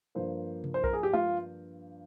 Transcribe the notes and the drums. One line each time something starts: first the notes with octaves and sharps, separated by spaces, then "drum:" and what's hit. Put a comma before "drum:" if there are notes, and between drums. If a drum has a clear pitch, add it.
G2 F3 A#3 C5
drum: tom C3
C5
A#4, drum: kick B1
G#4
G4
F4, drum: tom G#3